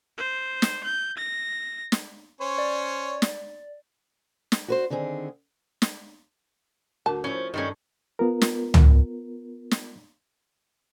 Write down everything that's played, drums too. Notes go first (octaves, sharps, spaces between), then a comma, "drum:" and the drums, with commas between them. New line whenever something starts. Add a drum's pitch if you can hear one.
C5
drum: snare
G6
A#6
drum: snare
C#4 C5 C#5
D5
drum: snare
drum: snare
F#4 B4 C5
D3 D#3 C4 G#4
drum: snare
D2 F#4 A#4 A5
F3 C#4 E4
G2 D#3 G3 A3 C#4
B3 F4 A#4
drum: snare
drum: tom C#2
drum: snare